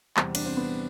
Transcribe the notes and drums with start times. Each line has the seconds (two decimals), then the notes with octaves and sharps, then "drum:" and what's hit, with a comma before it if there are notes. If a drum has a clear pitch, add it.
0.17 E2 C3 G3 C4, drum: clap
0.35 D4, drum: cymbal
0.46 C4
0.57 B3